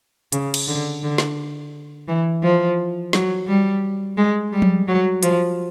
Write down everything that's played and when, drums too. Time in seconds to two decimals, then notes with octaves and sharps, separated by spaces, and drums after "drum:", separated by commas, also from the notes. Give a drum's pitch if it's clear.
0.32 C#3, drum: hi-hat
0.54 drum: cymbal
0.68 D3
1.03 D3
1.18 drum: snare
2.08 E3
2.43 F3
3.13 F#3, drum: snare
3.47 G3
4.17 G#3
4.53 G3
4.62 drum: tom F3
4.88 F#3
5.23 F3, drum: hi-hat